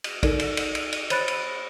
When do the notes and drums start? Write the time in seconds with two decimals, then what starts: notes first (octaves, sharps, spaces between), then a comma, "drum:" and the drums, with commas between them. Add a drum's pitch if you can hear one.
0.04 drum: cymbal
0.23 D#4 A4 A#4 D5, drum: kick, cymbal
0.40 drum: cymbal
0.57 drum: cymbal
0.75 drum: cymbal
0.93 drum: cymbal
1.10 C5 C#5 B5 F#6 A6, drum: cymbal
1.28 drum: cymbal